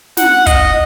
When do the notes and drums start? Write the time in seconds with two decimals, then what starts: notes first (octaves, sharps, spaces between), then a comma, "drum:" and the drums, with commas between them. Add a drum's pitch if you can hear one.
0.17 F#5, drum: snare
0.46 D#5, drum: kick, hi-hat